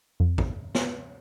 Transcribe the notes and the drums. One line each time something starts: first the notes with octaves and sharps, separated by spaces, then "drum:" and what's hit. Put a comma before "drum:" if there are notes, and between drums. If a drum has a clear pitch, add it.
F2
drum: kick
drum: snare